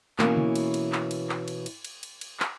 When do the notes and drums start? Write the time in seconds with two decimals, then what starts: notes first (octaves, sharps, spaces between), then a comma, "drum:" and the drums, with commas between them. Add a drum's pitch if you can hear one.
0.19 B2 E3 A#3 C#4, drum: clap
0.37 drum: tom
0.56 drum: cymbal
0.74 drum: cymbal
0.92 drum: clap
1.11 drum: cymbal
1.29 drum: clap
1.48 drum: cymbal
1.66 drum: cymbal
1.85 drum: cymbal
2.03 drum: cymbal
2.21 drum: cymbal
2.40 drum: clap